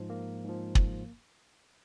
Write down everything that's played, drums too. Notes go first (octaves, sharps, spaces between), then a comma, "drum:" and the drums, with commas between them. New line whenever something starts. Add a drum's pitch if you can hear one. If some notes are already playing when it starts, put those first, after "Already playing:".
Already playing: G#2 F3
A#3
G#2 F3
drum: kick